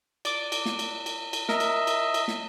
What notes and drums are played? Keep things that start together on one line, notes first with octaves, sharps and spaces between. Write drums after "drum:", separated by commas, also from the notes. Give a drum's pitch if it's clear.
D5 D6, drum: cymbal
drum: cymbal
drum: snare
drum: cymbal
drum: cymbal
drum: cymbal
A#4 D#5 E5, drum: snare
drum: cymbal
drum: cymbal
drum: cymbal
drum: snare